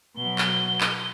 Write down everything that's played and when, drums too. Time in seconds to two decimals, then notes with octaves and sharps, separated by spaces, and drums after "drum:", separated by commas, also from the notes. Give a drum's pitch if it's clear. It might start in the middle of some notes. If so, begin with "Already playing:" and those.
0.17 B2 F#3 G7
0.38 drum: clap
0.81 drum: clap